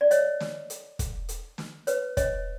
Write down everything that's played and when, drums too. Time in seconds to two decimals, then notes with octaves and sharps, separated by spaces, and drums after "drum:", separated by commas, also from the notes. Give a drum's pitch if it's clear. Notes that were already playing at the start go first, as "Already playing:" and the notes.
0.01 D5
0.11 C#5 D#5, drum: hi-hat
0.40 drum: snare
0.70 drum: hi-hat
0.99 drum: kick, hi-hat
1.29 drum: hi-hat
1.58 drum: snare
1.87 B4 C#5, drum: hi-hat
2.17 C#5 D#5, drum: kick, hi-hat